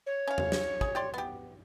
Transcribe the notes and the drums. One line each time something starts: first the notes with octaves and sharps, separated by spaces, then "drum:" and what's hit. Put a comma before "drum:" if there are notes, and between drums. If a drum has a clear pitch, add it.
C#5
C#4 F5
drum: tom E2
drum: snare
G#4, drum: kick
G4 D5 C6
B3 G4